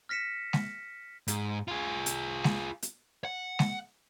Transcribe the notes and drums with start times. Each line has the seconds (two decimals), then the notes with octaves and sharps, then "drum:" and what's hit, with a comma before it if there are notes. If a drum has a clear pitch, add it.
0.09 F6 A#6 B6 C#7 E7
0.53 drum: snare G#3
1.28 G#2, drum: hi-hat
1.68 F4 G#4
2.06 drum: hi-hat
2.44 drum: snare G#3
2.82 drum: hi-hat
3.25 F#5
3.59 drum: snare G#3